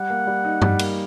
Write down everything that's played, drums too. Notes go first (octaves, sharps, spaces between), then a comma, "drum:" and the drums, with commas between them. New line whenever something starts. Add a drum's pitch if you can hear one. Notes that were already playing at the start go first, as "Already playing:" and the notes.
Already playing: G3 F#5
A#3
G3
D#4
G3, drum: tom G2
A#3, drum: cymbal